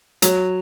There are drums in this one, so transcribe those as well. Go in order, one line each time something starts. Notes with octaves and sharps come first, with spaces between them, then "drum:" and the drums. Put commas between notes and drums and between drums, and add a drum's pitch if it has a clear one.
F#3, drum: hi-hat